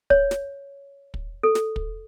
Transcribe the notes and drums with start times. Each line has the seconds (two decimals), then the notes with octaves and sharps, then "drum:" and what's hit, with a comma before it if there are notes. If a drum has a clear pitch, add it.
0.10 C#5, drum: kick
0.31 drum: snare
1.14 drum: kick
1.43 A4
1.55 drum: snare
1.76 drum: kick